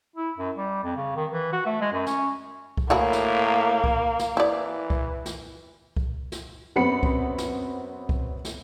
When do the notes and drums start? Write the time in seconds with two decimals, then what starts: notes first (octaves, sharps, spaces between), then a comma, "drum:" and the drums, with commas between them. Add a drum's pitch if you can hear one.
0.16 E4
0.37 F#2
0.56 G3
0.84 F2
0.96 C#3
1.16 D#3
1.31 E3
1.53 F#4
1.66 A3
1.81 G#3
1.93 F#2
2.07 C#4, drum: snare
2.77 drum: kick C2
2.90 A2 A#3 E4 F#4 G#4
3.13 drum: snare
3.84 drum: kick C2
4.19 drum: snare
4.37 E3 E4 D5
4.90 drum: kick C2
5.26 drum: snare
5.97 drum: kick C2
6.32 drum: snare
6.76 F#2 B3 C4 B5 C#7
7.03 drum: kick C2
7.38 drum: snare
8.09 drum: kick C2
8.45 drum: snare